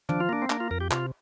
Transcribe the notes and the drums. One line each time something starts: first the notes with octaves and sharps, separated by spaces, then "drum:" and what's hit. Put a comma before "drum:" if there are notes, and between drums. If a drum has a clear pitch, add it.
F3 D4, drum: tom
F4
A#3 D4
C4
A#3 D4, drum: clap
F4
F2 A#4
G4
C3 F4, drum: clap